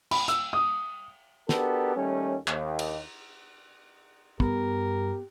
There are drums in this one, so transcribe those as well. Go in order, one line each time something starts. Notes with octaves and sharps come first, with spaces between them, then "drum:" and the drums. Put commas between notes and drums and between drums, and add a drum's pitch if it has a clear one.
B5, drum: cymbal
E6, drum: hi-hat
D#6
B3 D4 F#4 G4 A4 A#4, drum: snare
D#2 G3 A3 C#4
D#2, drum: clap
drum: cymbal
G2 B3 G4 A#4, drum: kick